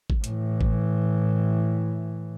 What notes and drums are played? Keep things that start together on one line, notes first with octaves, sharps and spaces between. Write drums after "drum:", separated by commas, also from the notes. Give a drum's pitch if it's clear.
drum: kick
A2 E3, drum: hi-hat
drum: kick